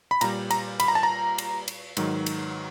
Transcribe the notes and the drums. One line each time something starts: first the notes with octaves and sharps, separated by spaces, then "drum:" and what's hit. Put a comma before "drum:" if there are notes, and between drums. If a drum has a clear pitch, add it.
B5
A#2 G3 A#5, drum: cymbal
A#5, drum: cymbal
B5, drum: cymbal
A#5
A5
A#5
drum: cymbal
drum: cymbal
G#2 D#3 F#3, drum: cymbal
drum: cymbal